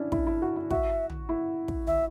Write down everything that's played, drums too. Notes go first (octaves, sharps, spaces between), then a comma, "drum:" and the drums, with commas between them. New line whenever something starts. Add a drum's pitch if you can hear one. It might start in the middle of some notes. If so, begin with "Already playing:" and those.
Already playing: C#4 D4 E4
E4, drum: kick
E4
F#4
E4
F#4 E5, drum: kick
drum: tom
E4
drum: kick
E5, drum: tom